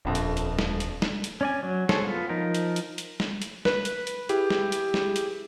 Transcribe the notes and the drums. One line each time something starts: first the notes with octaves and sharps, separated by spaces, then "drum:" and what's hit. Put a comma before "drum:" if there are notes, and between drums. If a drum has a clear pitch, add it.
D#1 A#1 F2
drum: hi-hat
drum: hi-hat
drum: snare
drum: hi-hat
drum: snare
drum: hi-hat
C#4 D5 G#5
F#3
F#3 G#4 A4 C5 C#5, drum: snare
B3 F4
F3 D#4 A#4
drum: hi-hat
drum: hi-hat
drum: hi-hat
drum: snare
drum: hi-hat
B4, drum: snare
drum: hi-hat
drum: hi-hat
E4 G4 G#4, drum: hi-hat
drum: snare
drum: hi-hat
drum: snare
drum: hi-hat